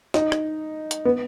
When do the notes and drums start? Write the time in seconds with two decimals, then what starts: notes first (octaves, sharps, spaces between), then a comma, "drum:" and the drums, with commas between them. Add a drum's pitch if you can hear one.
0.14 D#4, drum: snare
0.32 drum: rim click
0.91 drum: hi-hat
1.05 B3